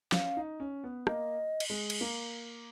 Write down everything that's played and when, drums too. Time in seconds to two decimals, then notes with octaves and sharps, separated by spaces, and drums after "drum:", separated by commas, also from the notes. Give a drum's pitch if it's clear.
0.12 C#4 F5, drum: snare
0.37 D#4
0.60 C#4
0.84 B3
1.07 A#3 D#5, drum: rim click
1.60 drum: cymbal
1.70 G#3
1.90 drum: cymbal
2.01 A#3